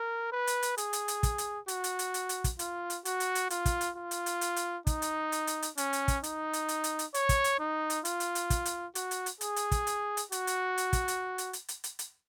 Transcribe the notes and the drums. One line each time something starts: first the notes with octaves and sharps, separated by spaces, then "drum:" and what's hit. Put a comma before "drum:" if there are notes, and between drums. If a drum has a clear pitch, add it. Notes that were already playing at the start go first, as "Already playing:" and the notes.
Already playing: A#4
B4
drum: hi-hat
drum: hi-hat
G#4, drum: hi-hat
drum: hi-hat
drum: hi-hat
drum: kick, hi-hat
drum: hi-hat
F#4, drum: hi-hat
drum: hi-hat
drum: hi-hat
drum: hi-hat
drum: hi-hat
drum: kick, hi-hat
F4, drum: hi-hat
drum: hi-hat
F#4, drum: hi-hat
drum: hi-hat
drum: hi-hat
F4, drum: hi-hat
drum: kick, hi-hat
drum: hi-hat
F4
drum: hi-hat
drum: hi-hat
drum: hi-hat
drum: hi-hat
D#4, drum: kick, hi-hat
drum: hi-hat
drum: hi-hat
drum: hi-hat
drum: hi-hat
C#4, drum: hi-hat
drum: hi-hat
drum: kick, hi-hat
D#4, drum: hi-hat
drum: hi-hat
drum: hi-hat
drum: hi-hat
drum: hi-hat
C#5, drum: hi-hat
drum: kick, hi-hat
drum: hi-hat
D#4
drum: hi-hat
F4, drum: hi-hat
drum: hi-hat
drum: hi-hat
drum: kick, hi-hat
drum: hi-hat
F#4, drum: hi-hat
drum: hi-hat
drum: hi-hat
G#4, drum: hi-hat
drum: hi-hat
drum: kick, hi-hat
drum: hi-hat
drum: hi-hat
F#4, drum: hi-hat
drum: hi-hat
drum: hi-hat
drum: kick, hi-hat
drum: hi-hat
drum: hi-hat
drum: hi-hat
drum: hi-hat
drum: hi-hat
drum: hi-hat